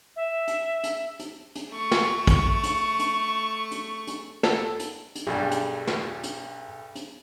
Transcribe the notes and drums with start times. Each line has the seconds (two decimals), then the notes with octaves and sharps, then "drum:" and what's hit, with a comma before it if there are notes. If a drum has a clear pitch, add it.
0.16 E5
0.47 drum: hi-hat
0.83 drum: hi-hat
1.19 drum: hi-hat
1.55 drum: hi-hat
1.71 A3 C#6
1.91 drum: snare
2.27 drum: kick, hi-hat
2.63 drum: hi-hat
2.99 drum: hi-hat
3.71 drum: hi-hat
4.07 drum: hi-hat
4.43 A4, drum: snare
4.79 drum: hi-hat
5.15 drum: hi-hat
5.27 B1 G2 G3 G#4 A4 G#5
5.51 drum: hi-hat
5.87 drum: snare
6.23 drum: hi-hat
6.95 drum: hi-hat